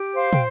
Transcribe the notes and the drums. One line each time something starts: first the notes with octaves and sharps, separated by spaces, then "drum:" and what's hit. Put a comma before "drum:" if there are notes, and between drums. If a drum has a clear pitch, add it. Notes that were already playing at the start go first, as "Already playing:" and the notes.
Already playing: G4
C5 F5
G5, drum: tom